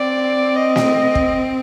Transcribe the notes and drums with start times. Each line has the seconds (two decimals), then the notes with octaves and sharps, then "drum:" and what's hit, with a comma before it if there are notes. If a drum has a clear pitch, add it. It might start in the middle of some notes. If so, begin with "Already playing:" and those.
Already playing: C4 D5
0.56 D#5
0.76 drum: snare
1.15 drum: kick